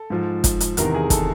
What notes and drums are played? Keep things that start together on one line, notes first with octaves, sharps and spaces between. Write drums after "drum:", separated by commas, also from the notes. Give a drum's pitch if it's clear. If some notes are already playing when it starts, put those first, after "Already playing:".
Already playing: A4
G#2 F3
drum: kick, hi-hat
drum: hi-hat
E2 C3 D#3 A#4, drum: hi-hat
G#4
A4, drum: kick, hi-hat